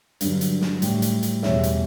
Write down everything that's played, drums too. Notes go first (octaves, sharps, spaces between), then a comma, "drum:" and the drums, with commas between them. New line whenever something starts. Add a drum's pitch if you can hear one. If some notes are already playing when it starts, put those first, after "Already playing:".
G2 D3 F#3, drum: hi-hat
drum: hi-hat
drum: snare
A2 G3, drum: hi-hat
drum: hi-hat
drum: hi-hat
E2 B2 G3 C#5 E5, drum: snare
drum: hi-hat